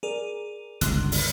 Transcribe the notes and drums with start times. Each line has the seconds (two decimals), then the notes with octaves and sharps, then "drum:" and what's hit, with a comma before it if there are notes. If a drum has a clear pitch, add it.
0.03 G#4 A#4 D5
0.81 G1 C#2 C6 F#6, drum: hi-hat
1.12 drum: open hi-hat